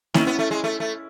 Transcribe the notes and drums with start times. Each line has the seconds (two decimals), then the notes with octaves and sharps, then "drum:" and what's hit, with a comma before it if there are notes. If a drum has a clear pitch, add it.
0.14 D#3 C#4 E4, drum: snare A#3
0.27 B3
0.39 A3
0.51 G#3
0.64 A3
0.80 A3